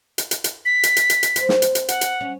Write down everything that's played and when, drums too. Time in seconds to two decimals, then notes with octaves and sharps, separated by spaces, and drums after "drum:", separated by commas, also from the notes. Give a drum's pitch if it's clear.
0.18 drum: hi-hat
0.31 drum: hi-hat
0.44 drum: hi-hat
0.65 B6
0.83 drum: hi-hat
0.97 drum: hi-hat
1.10 drum: hi-hat
1.23 drum: hi-hat
1.36 C4, drum: hi-hat
1.49 drum: snare
1.62 drum: hi-hat
1.75 drum: hi-hat
1.88 F#5, drum: hi-hat
2.01 drum: hi-hat
2.21 C#4